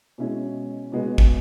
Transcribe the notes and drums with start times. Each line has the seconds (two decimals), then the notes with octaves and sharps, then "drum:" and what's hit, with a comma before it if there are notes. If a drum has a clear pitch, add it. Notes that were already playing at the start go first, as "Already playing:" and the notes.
0.18 B2 G#3 C#4 E4
0.92 B2 G#3 B3
1.18 drum: kick